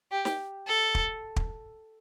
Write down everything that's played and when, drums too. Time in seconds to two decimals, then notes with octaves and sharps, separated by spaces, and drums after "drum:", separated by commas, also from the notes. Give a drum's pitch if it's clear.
0.11 G4
0.25 drum: snare
0.67 A4
0.95 drum: kick
1.36 drum: kick